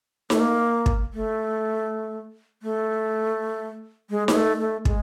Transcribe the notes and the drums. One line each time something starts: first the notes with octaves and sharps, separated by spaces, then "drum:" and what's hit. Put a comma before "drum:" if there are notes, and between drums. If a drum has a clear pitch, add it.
A3, drum: snare D#4
A#3
drum: kick
A3
A3
G#3
G#3, drum: snare D#4
A3
A3
G#3, drum: kick